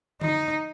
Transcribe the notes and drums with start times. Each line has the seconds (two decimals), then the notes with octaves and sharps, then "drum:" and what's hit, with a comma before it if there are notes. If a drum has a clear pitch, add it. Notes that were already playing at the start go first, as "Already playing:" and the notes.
0.21 D#4, drum: tom D3